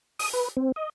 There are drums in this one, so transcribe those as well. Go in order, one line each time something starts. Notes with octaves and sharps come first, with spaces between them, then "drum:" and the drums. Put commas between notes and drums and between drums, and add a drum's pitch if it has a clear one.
D#6, drum: open hi-hat
B4
C4
D#5